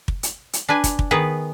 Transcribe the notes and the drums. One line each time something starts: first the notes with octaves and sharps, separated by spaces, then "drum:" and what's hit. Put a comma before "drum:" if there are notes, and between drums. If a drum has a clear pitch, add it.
drum: kick
drum: hi-hat
drum: hi-hat
D4 B4 G#5
drum: kick, hi-hat
drum: kick
D#3 B3 G#4 B4